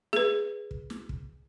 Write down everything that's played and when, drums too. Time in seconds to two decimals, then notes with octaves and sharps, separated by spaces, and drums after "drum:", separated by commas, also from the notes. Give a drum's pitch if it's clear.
0.13 G#4 B4, drum: snare
0.71 drum: kick
0.90 drum: snare
1.09 drum: kick